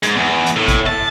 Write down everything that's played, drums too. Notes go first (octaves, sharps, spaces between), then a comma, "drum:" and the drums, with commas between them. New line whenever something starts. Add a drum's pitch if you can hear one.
G#2, drum: hi-hat
E2
drum: hi-hat
A2
drum: kick G#1, hi-hat
A5